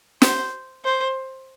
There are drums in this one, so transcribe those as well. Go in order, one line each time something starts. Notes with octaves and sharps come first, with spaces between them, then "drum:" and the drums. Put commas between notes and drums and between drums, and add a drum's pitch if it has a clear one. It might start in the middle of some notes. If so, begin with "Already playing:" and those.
C5, drum: snare
C5